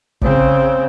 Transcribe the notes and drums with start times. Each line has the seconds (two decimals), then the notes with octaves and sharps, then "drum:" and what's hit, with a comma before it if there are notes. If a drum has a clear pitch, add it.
0.21 C#3 C4, drum: kick